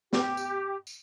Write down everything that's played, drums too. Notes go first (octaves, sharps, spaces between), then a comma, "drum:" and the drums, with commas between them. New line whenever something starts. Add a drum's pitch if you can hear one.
G4, drum: snare
drum: tambourine
drum: tambourine